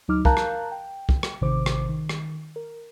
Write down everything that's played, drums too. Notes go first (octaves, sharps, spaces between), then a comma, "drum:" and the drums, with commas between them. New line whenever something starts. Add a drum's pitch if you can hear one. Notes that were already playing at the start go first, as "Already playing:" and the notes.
D2 F#3 D#4 D6 F6
A#4 F5 A5 A#5 F#6 G6, drum: kick
drum: rim click
G5
drum: kick
drum: rim click
A1 C3 D#3 C5 D6
drum: rim click
D#3
drum: rim click
A#4